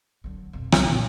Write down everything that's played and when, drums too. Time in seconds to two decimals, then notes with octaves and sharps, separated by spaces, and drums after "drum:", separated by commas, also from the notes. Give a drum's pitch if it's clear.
0.24 D3 F#3
0.53 F2 B2
0.72 C2, drum: rim click
0.86 F#1 A#2